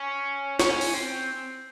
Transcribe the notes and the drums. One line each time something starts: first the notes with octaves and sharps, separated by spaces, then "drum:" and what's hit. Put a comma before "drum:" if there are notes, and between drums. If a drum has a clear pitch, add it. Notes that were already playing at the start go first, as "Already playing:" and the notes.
Already playing: C#4
C#4, drum: snare
drum: open hi-hat
C4